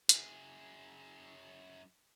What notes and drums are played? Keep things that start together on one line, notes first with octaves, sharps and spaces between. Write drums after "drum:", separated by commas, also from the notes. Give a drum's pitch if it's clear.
F#2 G#4, drum: hi-hat